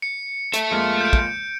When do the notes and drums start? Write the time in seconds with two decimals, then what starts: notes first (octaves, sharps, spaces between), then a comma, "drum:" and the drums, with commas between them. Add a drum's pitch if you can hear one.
0.02 C#7
0.54 A4 E5, drum: hi-hat
0.71 F2 G#3 A#3 F4
1.01 G6 D7
1.13 drum: kick